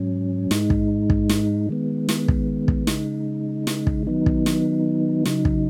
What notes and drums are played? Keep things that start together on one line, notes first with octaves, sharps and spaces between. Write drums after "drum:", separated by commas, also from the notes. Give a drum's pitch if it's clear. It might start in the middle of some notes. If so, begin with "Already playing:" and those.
Already playing: G#2 F#3 C#4
G#2 G#3 D#4, drum: snare
drum: kick
drum: kick
drum: snare
D#3 G#3 B3
drum: snare
drum: kick
drum: kick
C#3 G#3 D#4, drum: snare
drum: snare
drum: kick
D#3 F#3 B3 D#4
drum: kick
drum: snare
C#3 F#3 D#4, drum: snare
drum: kick